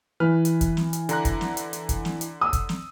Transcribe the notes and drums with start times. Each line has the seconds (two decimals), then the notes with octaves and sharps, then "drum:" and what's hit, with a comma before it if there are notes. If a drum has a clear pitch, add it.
0.20 E3 B4 F6
0.45 drum: hi-hat
0.61 drum: kick, hi-hat
0.77 drum: snare
0.93 drum: hi-hat
1.09 D3 A#5 F#6, drum: hi-hat
1.25 drum: kick, hi-hat
1.41 drum: snare
1.57 drum: hi-hat
1.73 drum: hi-hat
1.89 drum: kick, hi-hat
2.05 drum: snare
2.21 drum: hi-hat
2.41 D#6 E6
2.53 drum: kick, hi-hat
2.69 drum: snare